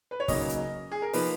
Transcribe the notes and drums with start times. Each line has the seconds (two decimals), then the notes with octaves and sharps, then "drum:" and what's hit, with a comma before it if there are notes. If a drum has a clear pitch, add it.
0.11 B4
0.20 C#5
0.28 C#3 F#3 A#3 D#4 D#5, drum: kick, open hi-hat
0.49 drum: hi-hat
0.91 G#4
1.02 A#4
1.13 F3 A#3 D#4 B4, drum: open hi-hat